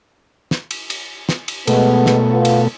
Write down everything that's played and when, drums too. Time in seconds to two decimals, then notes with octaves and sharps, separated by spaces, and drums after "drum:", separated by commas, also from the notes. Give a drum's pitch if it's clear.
0.51 drum: snare
0.71 drum: cymbal
0.90 drum: cymbal
1.29 drum: snare
1.48 drum: cymbal
1.67 B2 G#3 A3 B3, drum: cymbal
2.06 drum: snare
2.32 B3 F4
2.45 drum: cymbal